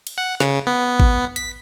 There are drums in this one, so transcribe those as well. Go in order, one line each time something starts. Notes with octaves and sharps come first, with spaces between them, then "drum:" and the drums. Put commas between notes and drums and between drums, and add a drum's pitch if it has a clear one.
drum: cymbal
F#5
C#3, drum: snare
B3
drum: kick A1
B6, drum: hi-hat